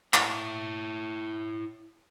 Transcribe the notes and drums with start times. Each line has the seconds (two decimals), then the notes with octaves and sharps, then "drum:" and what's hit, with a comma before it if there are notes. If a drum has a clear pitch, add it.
0.14 E4 C#5, drum: clap